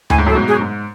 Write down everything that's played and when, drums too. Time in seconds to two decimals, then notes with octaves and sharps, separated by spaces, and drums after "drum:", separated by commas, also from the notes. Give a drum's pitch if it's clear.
0.10 A2 G#5, drum: tom D2
0.18 G#2
0.26 F#2 A2 A4
0.35 G#2 B2
0.48 G#4
0.51 F#2
0.61 G#2